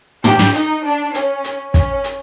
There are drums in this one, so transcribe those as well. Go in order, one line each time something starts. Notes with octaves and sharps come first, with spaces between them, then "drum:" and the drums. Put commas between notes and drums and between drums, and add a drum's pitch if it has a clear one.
G4, drum: tom
drum: snare
D#4, drum: hi-hat
D4
C#4, drum: hi-hat
drum: hi-hat
C#4, drum: kick, hi-hat
drum: hi-hat